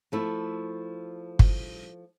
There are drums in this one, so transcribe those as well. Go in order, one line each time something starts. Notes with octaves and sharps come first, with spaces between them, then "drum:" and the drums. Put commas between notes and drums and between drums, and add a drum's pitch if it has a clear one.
F3 A3 E4
drum: kick